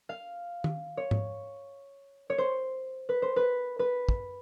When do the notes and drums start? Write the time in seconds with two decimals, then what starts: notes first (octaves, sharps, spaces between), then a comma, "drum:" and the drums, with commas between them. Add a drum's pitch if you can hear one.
0.09 F5
0.64 drum: tom
0.97 C#5
1.11 drum: tom G#2
2.30 C#5
2.38 C5
3.09 B4
3.22 C5
3.36 B4
3.79 B4
4.09 drum: kick